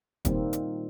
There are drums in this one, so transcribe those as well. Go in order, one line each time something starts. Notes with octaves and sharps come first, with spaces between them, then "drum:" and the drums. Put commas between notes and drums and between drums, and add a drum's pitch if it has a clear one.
A#2 D#3 G3 A#3 C4, drum: kick E1, hi-hat
drum: hi-hat